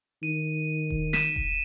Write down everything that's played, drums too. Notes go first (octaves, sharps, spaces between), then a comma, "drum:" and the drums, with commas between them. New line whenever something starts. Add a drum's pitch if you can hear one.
D#3 D#7
drum: kick E1
B6 D#7 E7, drum: snare
drum: kick E1